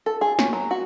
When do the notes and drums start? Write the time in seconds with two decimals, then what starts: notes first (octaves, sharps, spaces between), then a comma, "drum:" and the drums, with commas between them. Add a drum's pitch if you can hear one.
0.06 A4
0.21 G#4
0.39 C#4, drum: snare
0.53 F#3
0.71 F#4